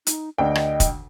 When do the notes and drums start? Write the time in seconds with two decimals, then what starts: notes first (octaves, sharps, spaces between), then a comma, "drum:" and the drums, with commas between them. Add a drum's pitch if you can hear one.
0.07 D#4, drum: hi-hat
0.38 D2 D4 D#5 G5
0.55 drum: rim click
0.80 drum: kick, hi-hat